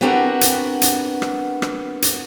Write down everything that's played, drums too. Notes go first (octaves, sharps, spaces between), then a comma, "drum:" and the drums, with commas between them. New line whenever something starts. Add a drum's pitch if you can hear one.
B3 C4 D4 F#4 G4 A#4
drum: hi-hat
drum: hi-hat
drum: rim click
drum: rim click
drum: hi-hat